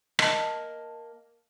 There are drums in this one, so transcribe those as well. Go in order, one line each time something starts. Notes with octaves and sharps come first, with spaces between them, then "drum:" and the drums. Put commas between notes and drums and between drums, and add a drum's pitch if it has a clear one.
A#3 D#5 A5, drum: rim click